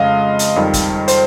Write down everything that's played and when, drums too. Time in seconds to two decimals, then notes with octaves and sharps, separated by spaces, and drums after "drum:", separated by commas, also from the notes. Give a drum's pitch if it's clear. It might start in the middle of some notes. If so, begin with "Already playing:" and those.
Already playing: F2 C#3 G#3 D#5 F5
0.39 drum: hi-hat
0.56 F2 D#3 G3
0.74 drum: kick F#1, hi-hat
1.08 C5, drum: hi-hat